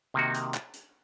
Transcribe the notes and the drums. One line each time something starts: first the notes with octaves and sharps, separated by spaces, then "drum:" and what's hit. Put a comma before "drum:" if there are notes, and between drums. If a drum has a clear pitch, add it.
C3 D#3 A#3 D#4 F#4
drum: hi-hat
drum: clap
drum: hi-hat